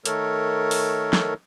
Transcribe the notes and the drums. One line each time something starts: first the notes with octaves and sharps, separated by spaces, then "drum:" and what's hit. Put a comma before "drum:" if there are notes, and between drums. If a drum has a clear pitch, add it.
D#3 A3 A4 A#4 C#5, drum: hi-hat
drum: open hi-hat
drum: snare